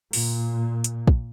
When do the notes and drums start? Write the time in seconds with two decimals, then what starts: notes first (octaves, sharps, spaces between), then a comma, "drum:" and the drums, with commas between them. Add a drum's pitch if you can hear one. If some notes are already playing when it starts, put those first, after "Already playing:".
0.13 A#2, drum: open hi-hat
0.84 drum: hi-hat
1.07 drum: kick